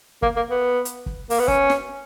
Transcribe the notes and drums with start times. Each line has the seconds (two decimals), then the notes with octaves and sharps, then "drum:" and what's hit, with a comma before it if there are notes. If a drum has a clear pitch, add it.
0.22 A#3, drum: kick
0.36 A#3
0.50 B3
0.85 drum: hi-hat
1.06 drum: kick
1.30 A#3, drum: open hi-hat
1.39 B3
1.48 C#4, drum: kick
1.70 drum: snare